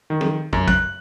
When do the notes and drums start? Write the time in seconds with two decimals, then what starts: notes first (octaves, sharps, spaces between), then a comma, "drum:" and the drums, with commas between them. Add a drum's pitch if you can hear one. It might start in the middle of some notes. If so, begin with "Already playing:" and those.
0.10 D#3
0.21 drum: tom
0.53 F#2, drum: kick
0.68 F#6, drum: kick